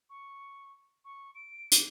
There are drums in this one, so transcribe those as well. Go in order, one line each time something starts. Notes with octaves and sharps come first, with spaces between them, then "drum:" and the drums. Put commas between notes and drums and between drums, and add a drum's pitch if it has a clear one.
C#6
C#6
D7
D6, drum: hi-hat